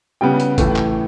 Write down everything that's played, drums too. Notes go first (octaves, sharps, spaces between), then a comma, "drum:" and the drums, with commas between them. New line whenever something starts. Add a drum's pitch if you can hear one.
C#3 G3 B3 G5
drum: hi-hat
A2 E3 A3, drum: kick G1, hi-hat
drum: clap